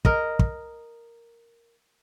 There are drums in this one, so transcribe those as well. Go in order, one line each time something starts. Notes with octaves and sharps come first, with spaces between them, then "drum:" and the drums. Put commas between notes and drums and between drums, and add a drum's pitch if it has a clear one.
A#4 D#5, drum: kick
drum: kick